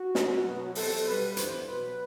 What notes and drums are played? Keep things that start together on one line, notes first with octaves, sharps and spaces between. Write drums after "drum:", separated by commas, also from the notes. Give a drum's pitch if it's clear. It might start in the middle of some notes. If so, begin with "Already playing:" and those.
Already playing: F#4
F#2 F#3 B3, drum: snare
B2 F#3 B3
E2 C3 F#3 A4, drum: open hi-hat
B2 G3 B3 B4
G2 E3 G3 B3 C5, drum: hi-hat
B2 F#3 B3 B4